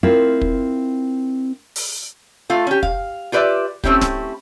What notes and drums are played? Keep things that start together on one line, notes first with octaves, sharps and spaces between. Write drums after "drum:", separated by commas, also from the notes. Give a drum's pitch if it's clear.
C4 E4 F4 A#4
drum: kick
drum: open hi-hat
A3 F4
C#4 G4
F5, drum: kick
F4 G4 B4 D5 E5
A3 C4 C#4 E4 G4, drum: kick
drum: snare D1